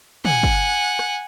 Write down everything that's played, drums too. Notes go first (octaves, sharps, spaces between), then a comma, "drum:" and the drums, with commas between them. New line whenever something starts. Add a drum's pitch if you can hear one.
F#5 G#5, drum: tom
drum: kick
drum: rim click